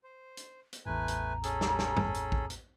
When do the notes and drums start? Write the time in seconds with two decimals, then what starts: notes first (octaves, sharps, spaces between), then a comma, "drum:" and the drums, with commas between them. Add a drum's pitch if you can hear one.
0.03 C5
0.37 drum: hi-hat
0.73 drum: hi-hat
0.86 A1 E2 A2 A3 B4 G#5 A#5
1.08 drum: hi-hat
1.43 C#4 G#4 A4, drum: hi-hat
1.61 drum: snare
1.79 drum: snare
1.97 drum: tom
2.14 drum: hi-hat
2.32 drum: kick A#1
2.50 drum: hi-hat